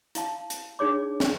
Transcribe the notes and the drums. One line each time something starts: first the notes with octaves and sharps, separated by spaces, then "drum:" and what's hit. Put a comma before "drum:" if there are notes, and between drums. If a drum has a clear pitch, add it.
E4 F5 A5, drum: hi-hat
drum: hi-hat
D4 D#4 G#4 C#5 D6
drum: snare